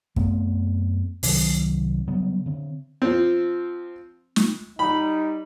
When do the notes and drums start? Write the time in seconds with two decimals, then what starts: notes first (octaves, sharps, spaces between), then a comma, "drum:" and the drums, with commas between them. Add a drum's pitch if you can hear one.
0.16 F#2 A3 B3 C4, drum: kick
1.23 C2 C3 D#3 F#3, drum: open hi-hat
2.08 C#3 F#3 G3 B3
2.46 D3 C4
3.02 F3 C4
4.36 drum: snare
4.79 G3 D#4 B5